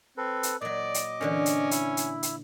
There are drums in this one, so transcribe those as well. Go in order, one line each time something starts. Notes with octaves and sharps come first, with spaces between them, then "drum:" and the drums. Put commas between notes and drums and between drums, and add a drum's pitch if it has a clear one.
C4 A4 B4
drum: hi-hat
A#2 F#3 D5 D#5 D6
drum: hi-hat
A#2 D3 E3 C#4
drum: hi-hat
E4, drum: hi-hat
drum: hi-hat
drum: hi-hat